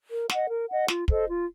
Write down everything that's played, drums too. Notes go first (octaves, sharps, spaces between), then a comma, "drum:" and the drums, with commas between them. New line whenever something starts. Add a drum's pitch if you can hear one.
A#4
D#5 F#5, drum: snare
A#4
D#5 F#5
F4, drum: snare
A4 C5 D#5, drum: kick
F4